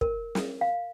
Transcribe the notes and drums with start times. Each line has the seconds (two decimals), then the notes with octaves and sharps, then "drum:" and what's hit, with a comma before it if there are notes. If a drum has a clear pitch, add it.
0.01 A#4, drum: kick
0.35 drum: snare
0.61 F5